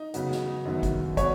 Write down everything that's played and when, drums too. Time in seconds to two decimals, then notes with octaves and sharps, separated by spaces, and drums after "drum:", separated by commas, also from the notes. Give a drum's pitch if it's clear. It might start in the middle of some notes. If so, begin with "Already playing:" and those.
Already playing: D#4
0.14 C#3 F#3 B3, drum: hi-hat
0.31 drum: snare
0.65 F#2 D#3 F#3 B3
0.83 drum: kick, hi-hat
1.17 F#3 B3 C#5, drum: kick, hi-hat